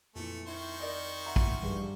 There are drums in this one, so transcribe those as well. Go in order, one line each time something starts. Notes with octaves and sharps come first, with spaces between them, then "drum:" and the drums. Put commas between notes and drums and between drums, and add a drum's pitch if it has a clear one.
F2 A#2 E3 A3 C#7
D#3 E4 C5 C#6
A#4 D5 D#5
E5 F#5 A#5
drum: kick
G2 E3 F3 G#4